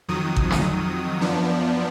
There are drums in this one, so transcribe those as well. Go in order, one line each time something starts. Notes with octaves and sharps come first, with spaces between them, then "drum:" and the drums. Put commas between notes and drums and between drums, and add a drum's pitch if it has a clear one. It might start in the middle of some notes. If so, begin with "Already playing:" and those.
F2 D#3 F#3 D#6
drum: kick G#1
drum: snare
F#2 F3 B3 D4